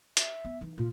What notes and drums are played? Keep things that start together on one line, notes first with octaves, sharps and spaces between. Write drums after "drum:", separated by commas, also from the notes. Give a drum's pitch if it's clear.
E5, drum: hi-hat
B3
E3 D#4
A#2 F4